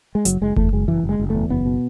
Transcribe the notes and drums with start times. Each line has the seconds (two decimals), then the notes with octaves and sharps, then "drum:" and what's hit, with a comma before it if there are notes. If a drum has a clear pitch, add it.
0.15 G#3
0.25 F#1 F#3, drum: hi-hat
0.41 F#1 G#3
0.56 E2 A3, drum: kick F#1
0.73 F#1 G#3
0.88 F#1 E3
1.04 F#1
1.09 G#3
1.19 F#1
1.30 E2 A3
1.50 F#1 B3
1.66 B2